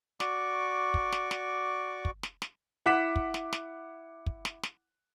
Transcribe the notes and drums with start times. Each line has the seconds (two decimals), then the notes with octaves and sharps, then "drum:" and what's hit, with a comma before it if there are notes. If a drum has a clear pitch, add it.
0.20 F#4 D5 C#6 D6, drum: snare
0.94 drum: kick
1.12 drum: snare
1.31 drum: snare
2.05 drum: kick
2.23 drum: snare
2.42 drum: snare
2.86 E4 F#5 D6 F#6 B6 E7
3.16 drum: kick
3.34 drum: snare
3.53 drum: snare
4.26 drum: kick
4.45 drum: snare
4.63 drum: snare